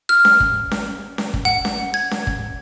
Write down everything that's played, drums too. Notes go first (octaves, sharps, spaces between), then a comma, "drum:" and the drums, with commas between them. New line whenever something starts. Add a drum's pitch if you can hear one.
F6
drum: snare C#4
drum: kick
drum: snare C#4
drum: snare C#4
drum: kick
F#5
drum: snare C#4
G#6
drum: snare C#4
drum: kick